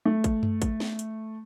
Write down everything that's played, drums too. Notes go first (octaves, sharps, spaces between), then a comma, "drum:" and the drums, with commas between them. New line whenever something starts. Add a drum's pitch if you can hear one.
A3
drum: kick, hi-hat
drum: tom F#2
drum: kick, hi-hat
drum: snare
drum: hi-hat